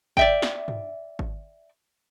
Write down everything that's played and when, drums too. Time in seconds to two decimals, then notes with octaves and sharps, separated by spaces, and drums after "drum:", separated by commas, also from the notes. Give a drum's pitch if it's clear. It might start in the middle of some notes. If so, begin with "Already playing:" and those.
0.17 D5 E5 G5, drum: kick G#1
0.42 drum: snare
0.68 drum: tom G2
1.19 drum: kick G#1